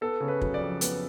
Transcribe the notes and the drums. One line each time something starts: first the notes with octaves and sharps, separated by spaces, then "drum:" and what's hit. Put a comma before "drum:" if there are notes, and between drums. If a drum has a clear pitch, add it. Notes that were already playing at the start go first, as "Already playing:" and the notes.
B3 A4
C#3
B4
F#3, drum: kick
D5
F2
B3, drum: hi-hat